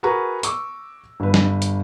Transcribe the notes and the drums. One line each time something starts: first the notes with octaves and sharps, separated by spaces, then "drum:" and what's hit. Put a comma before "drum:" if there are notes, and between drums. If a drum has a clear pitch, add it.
F#4 G#4 A#4 B4 A#5 C#6
C#6 D6 E6, drum: hi-hat
G1 B4
drum: snare
drum: hi-hat